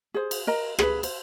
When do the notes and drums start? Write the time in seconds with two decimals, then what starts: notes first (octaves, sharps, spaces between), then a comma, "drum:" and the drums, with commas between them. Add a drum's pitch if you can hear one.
0.14 G#4 C5
0.31 drum: cymbal
0.47 A#4 D#5 A#5
0.79 G#4 B4, drum: rim click
1.03 C5, drum: cymbal